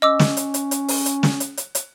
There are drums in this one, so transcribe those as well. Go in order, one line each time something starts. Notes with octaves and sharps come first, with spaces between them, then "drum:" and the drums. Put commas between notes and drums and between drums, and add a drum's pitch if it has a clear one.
C#4 D#5 D6 E6
drum: snare
drum: hi-hat
drum: hi-hat
drum: hi-hat
drum: open hi-hat
drum: hi-hat
drum: snare
drum: hi-hat
drum: hi-hat
drum: hi-hat